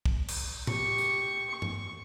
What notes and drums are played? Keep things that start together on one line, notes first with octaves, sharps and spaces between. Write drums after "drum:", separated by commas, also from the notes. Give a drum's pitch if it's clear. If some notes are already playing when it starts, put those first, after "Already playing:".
drum: kick
drum: cymbal
G4 C#6, drum: tom A2
drum: tambourine
C#6
drum: tom G2